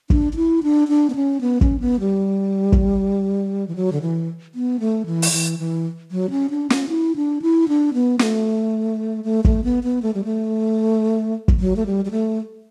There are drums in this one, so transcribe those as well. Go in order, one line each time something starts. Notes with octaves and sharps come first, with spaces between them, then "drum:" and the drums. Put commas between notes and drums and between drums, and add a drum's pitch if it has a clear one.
D4, drum: kick
D4
E4
D4
D4
B3
C#4
B3
C#4, drum: kick
B3
G3
drum: kick
E3
F#3
D3
E3
B3
A3
E3
drum: open hi-hat
E3
E3
F#3
C#4
D4
C#4, drum: snare
E4
D4
E4
D4
B3
A3, drum: snare
A3
A3, drum: kick
B3
B3
A3
G3
A3
drum: kick
F#3
A3
G3
G3
A3